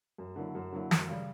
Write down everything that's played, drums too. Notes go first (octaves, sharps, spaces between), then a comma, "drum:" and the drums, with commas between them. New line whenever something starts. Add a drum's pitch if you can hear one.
F#2
D3 F#3 A#3 E4
F#2
D3 F#3 A#3 E4
F#2, drum: snare
C#3 G3